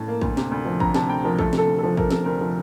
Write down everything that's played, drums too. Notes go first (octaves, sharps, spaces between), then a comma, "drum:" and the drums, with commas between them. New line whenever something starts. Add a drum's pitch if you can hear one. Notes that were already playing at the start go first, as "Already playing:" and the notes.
Already playing: A2 A5
A#3
D2, drum: kick
C3, drum: snare
D2
F3
D2 A#5, drum: kick
C3 A5, drum: snare
D2 G5
F3 A#4
A3 A4, drum: kick
C3 A4, drum: snare
D2
F3 A4
A3 A#4, drum: kick
C3 A4, drum: snare
D2 A#4
F3